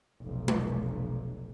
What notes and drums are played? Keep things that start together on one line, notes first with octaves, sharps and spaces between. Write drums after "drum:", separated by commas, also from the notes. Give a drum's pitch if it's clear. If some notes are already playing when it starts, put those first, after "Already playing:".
F1 B1
drum: tom G#3